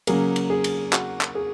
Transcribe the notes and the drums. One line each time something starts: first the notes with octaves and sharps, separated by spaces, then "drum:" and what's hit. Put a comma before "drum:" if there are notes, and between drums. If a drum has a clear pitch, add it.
C#3 F#3 A#3 G#4, drum: cymbal
drum: cymbal
G#4
drum: cymbal
F#4, drum: clap
drum: clap
G#4